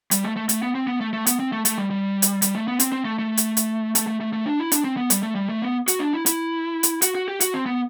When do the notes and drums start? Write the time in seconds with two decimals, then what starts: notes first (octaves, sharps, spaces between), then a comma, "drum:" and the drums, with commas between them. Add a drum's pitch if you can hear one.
0.11 G3, drum: hi-hat
0.24 A3
0.36 A3
0.49 A3, drum: hi-hat
0.62 B3
0.75 C4
0.87 B3
1.01 A3
1.13 A3
1.27 B3, drum: hi-hat
1.39 C4
1.52 A3
1.65 A3, drum: hi-hat
1.78 G3
1.90 G3
2.22 drum: hi-hat
2.42 G3, drum: hi-hat
2.55 A3
2.68 B3
2.80 C4, drum: hi-hat
2.92 C4
3.05 A3
3.19 A3
3.37 drum: hi-hat
3.57 drum: hi-hat
3.95 A3, drum: hi-hat
4.07 A3
4.21 A3
4.33 A3
4.46 D4
4.60 E4
4.72 D4, drum: hi-hat
4.85 C4
4.97 B3
5.10 G3, drum: hi-hat
5.23 A3
5.35 G3
5.49 A3
5.62 B3
5.88 F#4, drum: hi-hat
6.00 D4
6.13 E4
6.26 E4, drum: hi-hat
6.83 drum: hi-hat
7.02 F#4, drum: hi-hat
7.15 F#4
7.28 G4
7.40 F#4, drum: hi-hat
7.54 C4
7.66 B3